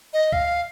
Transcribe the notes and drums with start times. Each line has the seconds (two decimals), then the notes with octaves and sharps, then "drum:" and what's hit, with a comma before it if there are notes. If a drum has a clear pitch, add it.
0.13 D#5
0.32 F5, drum: kick